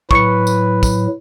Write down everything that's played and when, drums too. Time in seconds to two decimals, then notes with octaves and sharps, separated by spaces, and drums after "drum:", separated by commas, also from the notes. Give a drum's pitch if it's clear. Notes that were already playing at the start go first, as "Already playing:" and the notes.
0.11 A2 F#3 B4 C#6 C#7, drum: kick
0.47 drum: tambourine
0.83 drum: kick, tambourine